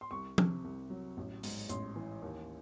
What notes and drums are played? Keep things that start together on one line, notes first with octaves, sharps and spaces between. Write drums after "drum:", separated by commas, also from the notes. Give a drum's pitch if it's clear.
C6
C2 C#6
C3, drum: tom F3
C2
F#3
A1
G#2, drum: open hi-hat
A1 C6, drum: hi-hat
E3
D#2